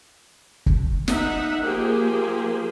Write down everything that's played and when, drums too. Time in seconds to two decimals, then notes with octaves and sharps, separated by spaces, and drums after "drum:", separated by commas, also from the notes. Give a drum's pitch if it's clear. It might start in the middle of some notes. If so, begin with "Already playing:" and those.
0.66 drum: kick
1.08 D#4 E5 F#5, drum: snare
1.61 F3 A#3 G4 G#4